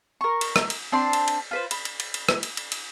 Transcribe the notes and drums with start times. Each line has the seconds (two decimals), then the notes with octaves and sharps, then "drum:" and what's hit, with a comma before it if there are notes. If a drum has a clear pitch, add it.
0.21 A#4 C#6
0.41 drum: cymbal
0.56 drum: rim click
0.70 drum: cymbal
0.92 C4 D4 C6
1.13 drum: cymbal
1.28 drum: cymbal
1.51 F4 B4 C5
1.71 B5, drum: cymbal
1.85 drum: cymbal
2.00 drum: cymbal
2.14 drum: cymbal
2.29 drum: rim click
2.43 drum: cymbal
2.57 drum: cymbal
2.72 drum: cymbal